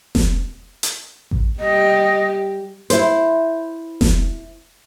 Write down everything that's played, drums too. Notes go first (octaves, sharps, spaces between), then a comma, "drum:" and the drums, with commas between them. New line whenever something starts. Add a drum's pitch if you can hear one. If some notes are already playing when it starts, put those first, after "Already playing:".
drum: snare F1
drum: hi-hat
drum: kick A1
G3 G4 D#5
E4 C5, drum: hi-hat
drum: snare F1